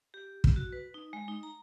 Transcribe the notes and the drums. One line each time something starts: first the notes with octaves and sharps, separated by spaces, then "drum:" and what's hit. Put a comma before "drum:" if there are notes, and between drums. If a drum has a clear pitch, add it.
G4
drum: kick
F#4
B4
D#4
G#3
D#4
A#5